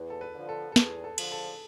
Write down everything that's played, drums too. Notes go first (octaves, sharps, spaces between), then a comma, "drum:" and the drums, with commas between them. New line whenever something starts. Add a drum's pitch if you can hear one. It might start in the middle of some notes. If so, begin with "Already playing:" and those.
Already playing: E2
A4
B4
D3 F3
A4
A4
E2 G#4, drum: snare
A4
D3 F3, drum: cymbal
A4